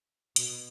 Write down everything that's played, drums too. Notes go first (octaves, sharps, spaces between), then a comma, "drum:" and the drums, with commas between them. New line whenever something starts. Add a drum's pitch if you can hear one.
B2, drum: hi-hat